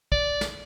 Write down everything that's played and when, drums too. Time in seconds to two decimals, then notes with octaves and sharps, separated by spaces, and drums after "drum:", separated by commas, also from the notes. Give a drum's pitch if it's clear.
0.12 D5, drum: kick
0.41 drum: snare